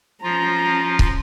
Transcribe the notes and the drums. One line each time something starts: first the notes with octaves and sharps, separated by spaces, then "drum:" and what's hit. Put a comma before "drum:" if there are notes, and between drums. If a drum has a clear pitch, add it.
F3 C#4 F4 A#5
drum: kick C#1